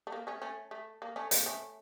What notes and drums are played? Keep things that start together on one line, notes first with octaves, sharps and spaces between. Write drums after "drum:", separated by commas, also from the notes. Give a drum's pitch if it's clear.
A3
A#3
A3 C#4
A3 C#4
A3
A#3
A3 C#4
A#3, drum: hi-hat
A3 C#4